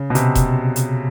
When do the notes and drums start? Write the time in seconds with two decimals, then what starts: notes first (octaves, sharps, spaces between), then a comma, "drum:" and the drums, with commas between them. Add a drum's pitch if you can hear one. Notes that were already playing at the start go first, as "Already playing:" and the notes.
Already playing: C#3
0.10 B2
0.15 C3, drum: hi-hat
0.35 drum: kick E1, hi-hat
0.76 drum: hi-hat